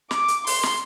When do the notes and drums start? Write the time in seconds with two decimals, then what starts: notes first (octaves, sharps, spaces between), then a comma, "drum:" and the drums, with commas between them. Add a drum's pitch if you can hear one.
0.11 D6, drum: snare
0.28 drum: hi-hat
0.47 C6, drum: open hi-hat
0.63 drum: snare